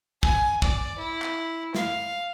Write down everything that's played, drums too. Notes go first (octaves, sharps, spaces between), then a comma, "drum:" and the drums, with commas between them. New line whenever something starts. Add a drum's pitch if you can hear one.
G#5, drum: kick
D5, drum: kick
E4
drum: clap
F5, drum: snare